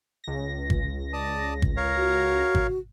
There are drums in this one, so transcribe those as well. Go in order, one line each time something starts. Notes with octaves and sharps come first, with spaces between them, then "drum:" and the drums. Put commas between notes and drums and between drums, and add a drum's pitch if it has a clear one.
C#2 A#6
drum: kick
D5 A5 D#6
drum: kick
A#4 C#5 F5
F#4
drum: kick